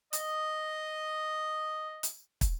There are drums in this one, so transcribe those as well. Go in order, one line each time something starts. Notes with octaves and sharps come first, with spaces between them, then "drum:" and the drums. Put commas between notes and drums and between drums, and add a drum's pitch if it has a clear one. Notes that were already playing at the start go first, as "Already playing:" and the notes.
D#5 D#6, drum: hi-hat
drum: hi-hat
drum: kick, hi-hat